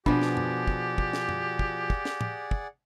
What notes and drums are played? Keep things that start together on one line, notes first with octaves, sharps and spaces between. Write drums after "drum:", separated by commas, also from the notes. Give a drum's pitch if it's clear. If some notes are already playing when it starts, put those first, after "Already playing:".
B2 F3 D4 G4 G#4 D5 F#5, drum: kick
drum: snare
drum: tom F#2
drum: kick
drum: kick
drum: snare
drum: tom F#2
drum: kick
drum: kick
drum: snare
drum: tom
drum: kick